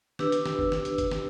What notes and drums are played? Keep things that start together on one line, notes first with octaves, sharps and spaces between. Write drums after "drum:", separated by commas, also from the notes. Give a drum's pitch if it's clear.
D4 G4 B4 E6, drum: snare
drum: hi-hat
drum: snare
drum: kick
drum: snare
drum: hi-hat
drum: kick, hi-hat
drum: snare